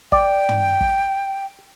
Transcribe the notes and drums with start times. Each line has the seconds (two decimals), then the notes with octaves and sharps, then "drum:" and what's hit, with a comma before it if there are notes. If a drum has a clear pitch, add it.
0.12 D5 G5, drum: kick
0.49 drum: tom
0.81 drum: kick